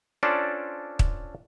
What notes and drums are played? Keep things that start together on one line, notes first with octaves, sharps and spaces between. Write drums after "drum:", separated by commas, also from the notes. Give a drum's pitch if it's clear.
C#4 D4 F4 A4 C5 D5
drum: kick